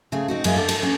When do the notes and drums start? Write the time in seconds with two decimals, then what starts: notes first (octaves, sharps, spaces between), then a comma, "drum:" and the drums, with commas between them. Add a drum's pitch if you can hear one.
0.12 C#3 A3 C4 G#4
0.28 C4 D#4 F#4
0.44 F#2 G#3 E5 F5, drum: cymbal
0.56 D4 A4 F#5
0.69 A4, drum: cymbal
0.83 C#4